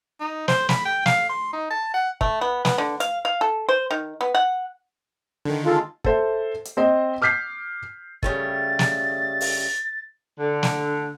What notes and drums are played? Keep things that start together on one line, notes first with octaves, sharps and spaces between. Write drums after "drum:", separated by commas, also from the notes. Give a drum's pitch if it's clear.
D#4
C5, drum: snare
B5, drum: snare
G5
F5, drum: snare
C6
D#4
A5
F#5
A3, drum: kick
B3
B3, drum: snare
D3
F5, drum: hi-hat
F5
A4
C5
D#3
B3
F#5
D3 D#3
G#3 F4 A4
A4 C5 E5, drum: kick
drum: hi-hat
C4 C5 D#5
D6 F6 G6 B6 C7
C#3 G3 A3 A6, drum: kick
drum: snare
drum: open hi-hat
D3
drum: snare